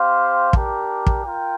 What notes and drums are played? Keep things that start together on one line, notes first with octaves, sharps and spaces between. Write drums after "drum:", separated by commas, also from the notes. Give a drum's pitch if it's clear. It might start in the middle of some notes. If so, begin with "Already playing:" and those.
Already playing: C4 G4 C5 F5
D4 G4 A#4, drum: kick
drum: kick
F4 A#4 G5